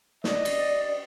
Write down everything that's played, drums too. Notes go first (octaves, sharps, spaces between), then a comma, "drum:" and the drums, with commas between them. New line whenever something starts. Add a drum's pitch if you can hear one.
D5 D#5, drum: snare
drum: cymbal